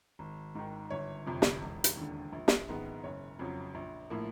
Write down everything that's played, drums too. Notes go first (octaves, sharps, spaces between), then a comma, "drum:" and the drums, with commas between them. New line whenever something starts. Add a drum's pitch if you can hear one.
G#1
G#2 D#3
G1 C#5
F2 C3
drum: snare
E1
drum: hi-hat
D#2 D3
A#1
drum: snare
G#2 D#3 G#3 B3
F#1 C#5
F2 C#3 F#3
A#1
A2 F3 A#3